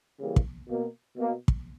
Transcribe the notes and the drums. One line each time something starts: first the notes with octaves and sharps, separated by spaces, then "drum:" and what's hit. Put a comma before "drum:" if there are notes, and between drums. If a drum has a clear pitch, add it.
C#3 E3 G3 A#3
drum: kick
B2 A#3
B2 A#3
drum: kick